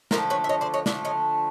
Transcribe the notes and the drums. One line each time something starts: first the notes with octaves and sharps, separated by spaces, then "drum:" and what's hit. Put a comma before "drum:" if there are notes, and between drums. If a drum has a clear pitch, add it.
D3 F3 A3 A#4 C5, drum: snare
B4 C#5
E5
C#5 D#5
C5 D5
C#5 D#5
D3 F3 A3 D5 E5, drum: snare
C#5 D#5